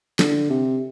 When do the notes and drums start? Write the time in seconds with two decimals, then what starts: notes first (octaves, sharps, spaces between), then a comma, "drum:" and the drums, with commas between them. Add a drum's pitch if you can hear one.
0.19 D3, drum: snare
0.50 C3